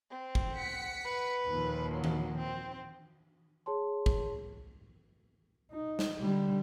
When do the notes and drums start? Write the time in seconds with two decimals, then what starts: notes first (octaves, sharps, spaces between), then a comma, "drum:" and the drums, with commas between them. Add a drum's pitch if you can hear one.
0.10 C4
0.35 drum: kick
0.55 F#5 B6 C#7
1.04 B4
1.48 D#2 A#2 F3
1.91 F#3
2.04 drum: tom D#3
2.37 C4
3.66 G#4 C#5 A5 C6
4.06 drum: kick
5.72 D#4
5.99 drum: snare
6.20 D3 G3